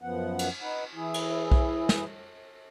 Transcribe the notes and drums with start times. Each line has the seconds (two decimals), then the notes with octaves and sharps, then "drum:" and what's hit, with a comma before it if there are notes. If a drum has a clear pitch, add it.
0.01 F#2 F3 B3 F#5
0.39 drum: cymbal
0.61 D#4 B4 F#5
0.95 E3 E4 G#4
1.14 drum: cymbal
1.52 drum: kick B1
1.89 drum: snare